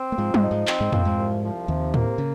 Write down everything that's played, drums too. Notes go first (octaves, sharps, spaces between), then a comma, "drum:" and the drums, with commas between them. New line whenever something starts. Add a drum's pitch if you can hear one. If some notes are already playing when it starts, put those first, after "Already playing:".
Already playing: C4
A#3
G#2 F3 G#3
G#2 G#3, drum: tom G3
D#4
G#2 G#3
C4, drum: clap
G#2 G#3
A#2 F3 A#3, drum: tom F2
G#2 G#3
C2
F3
D#2 C3 D#3
A#3, drum: tom A2
C#3